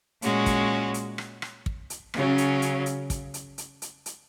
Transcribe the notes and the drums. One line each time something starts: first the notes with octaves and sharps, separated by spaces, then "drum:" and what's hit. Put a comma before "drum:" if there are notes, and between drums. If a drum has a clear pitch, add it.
A#2 G#3 C#4 F#4, drum: hi-hat
drum: kick, hi-hat
drum: hi-hat
drum: rim click
drum: rim click
drum: kick
drum: hi-hat
C#3 F#3 C#4, drum: rim click
drum: hi-hat
drum: hi-hat
drum: hi-hat
drum: kick, hi-hat
drum: hi-hat
drum: hi-hat
drum: hi-hat
drum: hi-hat